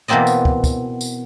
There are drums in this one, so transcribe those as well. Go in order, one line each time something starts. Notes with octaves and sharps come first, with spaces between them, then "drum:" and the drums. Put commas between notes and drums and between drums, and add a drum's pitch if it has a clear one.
B2 E3 A#3 C4 D5 D#5
drum: tambourine
drum: kick
drum: kick, tambourine
drum: tambourine